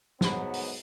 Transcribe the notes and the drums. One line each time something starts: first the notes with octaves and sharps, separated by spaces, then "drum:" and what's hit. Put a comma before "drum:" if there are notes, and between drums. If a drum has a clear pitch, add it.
G#2 F3 F#3 B3 B5, drum: snare
drum: open hi-hat